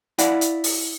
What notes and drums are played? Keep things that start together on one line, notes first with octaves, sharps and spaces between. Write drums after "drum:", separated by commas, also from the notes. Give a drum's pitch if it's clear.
E4 D5 F5 F#5, drum: hi-hat
drum: hi-hat
drum: open hi-hat